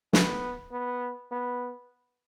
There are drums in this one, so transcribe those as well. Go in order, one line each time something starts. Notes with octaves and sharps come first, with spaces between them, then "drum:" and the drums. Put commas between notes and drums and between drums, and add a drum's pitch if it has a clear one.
B3, drum: snare
B3
B3